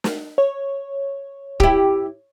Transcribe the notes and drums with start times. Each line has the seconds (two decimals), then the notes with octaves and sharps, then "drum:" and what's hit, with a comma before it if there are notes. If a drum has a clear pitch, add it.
0.04 drum: snare
0.38 C#5
1.60 E4 G4, drum: kick